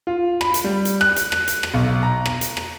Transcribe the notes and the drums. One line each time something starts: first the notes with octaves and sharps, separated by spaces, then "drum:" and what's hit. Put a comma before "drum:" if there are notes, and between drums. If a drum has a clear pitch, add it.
F4
B5, drum: rim click
drum: hi-hat
G3
drum: hi-hat
F#6, drum: rim click
drum: hi-hat
drum: rim click
drum: hi-hat
drum: rim click
B1
A#5
drum: rim click
drum: hi-hat
drum: rim click